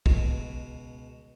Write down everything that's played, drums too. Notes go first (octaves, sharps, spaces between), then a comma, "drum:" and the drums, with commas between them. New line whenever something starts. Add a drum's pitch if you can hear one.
C#2 B2, drum: kick